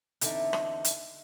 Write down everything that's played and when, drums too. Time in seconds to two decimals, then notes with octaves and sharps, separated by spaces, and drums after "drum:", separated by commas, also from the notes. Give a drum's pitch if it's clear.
0.21 E2 D3 C4 D#4 E5, drum: hi-hat
0.53 drum: rim click
0.85 drum: hi-hat